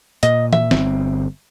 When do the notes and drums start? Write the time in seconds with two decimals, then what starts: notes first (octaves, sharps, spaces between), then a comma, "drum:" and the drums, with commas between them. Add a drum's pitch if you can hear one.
0.23 A#2 D#5, drum: hi-hat
0.53 E5, drum: tom E3
0.71 G1 C4, drum: snare